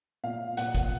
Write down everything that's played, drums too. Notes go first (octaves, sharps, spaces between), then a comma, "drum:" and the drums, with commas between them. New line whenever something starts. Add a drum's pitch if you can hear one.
A#2 F5
A#2 F#5, drum: hi-hat
drum: kick, hi-hat